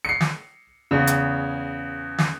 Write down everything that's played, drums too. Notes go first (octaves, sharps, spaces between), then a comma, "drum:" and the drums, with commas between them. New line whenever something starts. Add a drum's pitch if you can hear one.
C7 C#7
drum: snare
E2 C#3
drum: hi-hat
drum: snare